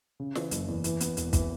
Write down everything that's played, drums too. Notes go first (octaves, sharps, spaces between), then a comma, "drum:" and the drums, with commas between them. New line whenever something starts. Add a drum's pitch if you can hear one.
C#3
E3, drum: snare
F#1, drum: hi-hat
E2
E3, drum: hi-hat
B3, drum: hi-hat
E1, drum: hi-hat
E3, drum: kick, hi-hat